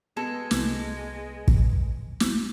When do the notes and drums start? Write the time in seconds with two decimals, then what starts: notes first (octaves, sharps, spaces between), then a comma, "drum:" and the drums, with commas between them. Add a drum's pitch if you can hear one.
0.17 G#3 B3 A4
0.51 C2, drum: snare
1.48 drum: kick
2.20 drum: snare